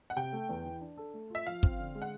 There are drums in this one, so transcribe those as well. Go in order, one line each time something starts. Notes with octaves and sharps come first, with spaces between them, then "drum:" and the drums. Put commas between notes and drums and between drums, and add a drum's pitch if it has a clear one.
F#5
C3 G5
A3
E2
E3
D4
A4
A3
F4 E5
F3 F5
C4, drum: kick
D3
G#3
F#5